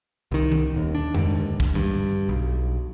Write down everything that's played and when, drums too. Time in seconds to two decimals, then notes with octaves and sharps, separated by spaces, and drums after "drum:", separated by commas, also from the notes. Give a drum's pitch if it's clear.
0.32 C2 D#3
0.52 drum: tom D#3
0.74 D#1 D#2
0.95 D4
1.14 D#2 G#2 D3, drum: tom F2
1.60 drum: kick
1.75 G2, drum: tom D3
2.29 B1